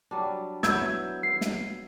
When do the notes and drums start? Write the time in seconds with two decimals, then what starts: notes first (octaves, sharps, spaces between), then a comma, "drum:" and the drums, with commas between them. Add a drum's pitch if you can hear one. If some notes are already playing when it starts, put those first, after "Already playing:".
0.11 F#3 G3 D4
0.63 F#3 B3 E4 E6 G6 G#6, drum: snare
1.23 C7
1.41 drum: snare